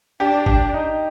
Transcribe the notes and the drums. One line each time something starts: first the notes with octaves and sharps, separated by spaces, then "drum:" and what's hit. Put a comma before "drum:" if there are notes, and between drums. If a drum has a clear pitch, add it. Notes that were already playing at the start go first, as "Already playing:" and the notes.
D4 G4
G4, drum: kick
D#4